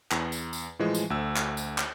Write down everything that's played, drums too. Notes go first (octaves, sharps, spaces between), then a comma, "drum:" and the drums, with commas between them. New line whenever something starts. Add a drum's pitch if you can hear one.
E2, drum: clap
drum: tambourine
drum: tambourine
A2 E3 F3 G#3
drum: tambourine
D2 E6
drum: clap
drum: tambourine
drum: clap